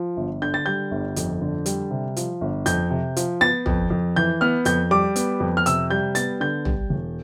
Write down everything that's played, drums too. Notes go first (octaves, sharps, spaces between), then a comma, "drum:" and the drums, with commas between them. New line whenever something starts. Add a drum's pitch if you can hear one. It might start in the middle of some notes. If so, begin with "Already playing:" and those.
Already playing: F3
G1
D3 G6
A6
G3 G6
G1
F2, drum: hi-hat
D3
G3, drum: hi-hat
C3
F3, drum: hi-hat
G1
F2 G6, drum: hi-hat
C3
F3, drum: hi-hat
B3 A6
F2, drum: tom A1
F2
E3 G6
B3 F6
F2 G6, drum: hi-hat
G3 D6
B3, drum: hi-hat
F2
F6
C3 E6, drum: hi-hat
G3 G6
B3 A6, drum: hi-hat
D3 G6
G3, drum: tom A1
E1